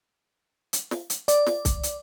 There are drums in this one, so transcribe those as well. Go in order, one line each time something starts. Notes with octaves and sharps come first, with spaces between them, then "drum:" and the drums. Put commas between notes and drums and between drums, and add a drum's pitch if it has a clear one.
drum: hi-hat
drum: snare
drum: hi-hat
D5, drum: hi-hat
drum: snare
drum: kick C2, hi-hat
drum: hi-hat